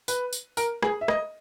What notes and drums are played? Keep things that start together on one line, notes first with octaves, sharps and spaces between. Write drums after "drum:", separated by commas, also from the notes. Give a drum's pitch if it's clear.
B4, drum: tambourine
drum: tambourine
A#4, drum: tambourine
G#4, drum: rim click
E5
D#5, drum: rim click